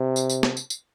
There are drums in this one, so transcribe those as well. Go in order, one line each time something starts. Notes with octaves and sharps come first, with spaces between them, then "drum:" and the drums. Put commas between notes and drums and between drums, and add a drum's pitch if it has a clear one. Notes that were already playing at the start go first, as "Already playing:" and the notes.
Already playing: C3
drum: tambourine
drum: tambourine
drum: snare
drum: tambourine
drum: tambourine